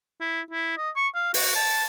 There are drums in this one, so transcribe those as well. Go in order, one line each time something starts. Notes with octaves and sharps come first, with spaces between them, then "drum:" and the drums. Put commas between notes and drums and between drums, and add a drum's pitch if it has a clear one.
E4
E4
D#5
C#6
F5
F#4, drum: open hi-hat
A5